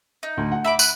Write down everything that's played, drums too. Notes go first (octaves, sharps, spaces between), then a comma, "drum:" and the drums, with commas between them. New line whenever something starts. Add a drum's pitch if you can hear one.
D#4
D2
F#5
E5 B5 D6
B5 F#6, drum: tambourine